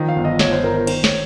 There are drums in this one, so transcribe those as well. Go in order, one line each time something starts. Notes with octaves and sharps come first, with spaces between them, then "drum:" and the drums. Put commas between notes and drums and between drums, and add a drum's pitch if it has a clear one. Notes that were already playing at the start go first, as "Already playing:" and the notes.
Already playing: D#3 F3
F5
G1
D#5
G1 C#5, drum: snare
C5
G1 A#4
A#4
D#3 C5, drum: cymbal
C#5, drum: snare